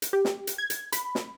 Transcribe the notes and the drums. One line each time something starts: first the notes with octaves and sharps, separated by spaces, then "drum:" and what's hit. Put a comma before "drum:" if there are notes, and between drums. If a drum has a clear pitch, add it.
drum: hi-hat
G4
drum: snare
drum: hi-hat
G#6
drum: hi-hat
B5, drum: hi-hat
drum: snare